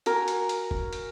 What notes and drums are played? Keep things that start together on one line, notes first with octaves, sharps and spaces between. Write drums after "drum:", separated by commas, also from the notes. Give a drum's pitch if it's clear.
F#4 A#4 G#5, drum: hi-hat
drum: hi-hat
drum: hi-hat
drum: kick E1
drum: hi-hat